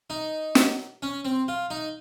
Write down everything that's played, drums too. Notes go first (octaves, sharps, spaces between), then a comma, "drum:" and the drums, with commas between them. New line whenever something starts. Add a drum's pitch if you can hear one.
D#4
drum: snare
C#4
C4
F4
D#4